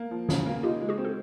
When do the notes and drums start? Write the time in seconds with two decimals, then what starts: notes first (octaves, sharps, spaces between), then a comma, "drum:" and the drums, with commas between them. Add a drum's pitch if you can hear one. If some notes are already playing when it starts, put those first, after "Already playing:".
Already playing: A#3
0.11 F3
0.29 C#3, drum: snare
0.46 A#3
0.63 D#4 F4 G4
0.81 G#3
0.89 F#4 G#4
0.98 C4
1.05 A4